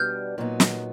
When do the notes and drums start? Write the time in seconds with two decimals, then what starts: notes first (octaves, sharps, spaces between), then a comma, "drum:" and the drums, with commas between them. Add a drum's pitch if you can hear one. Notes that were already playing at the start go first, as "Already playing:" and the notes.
Already playing: B2 G3 B3 D4 F6 G6
0.38 A#2 F#3 B3 D#4
0.60 drum: snare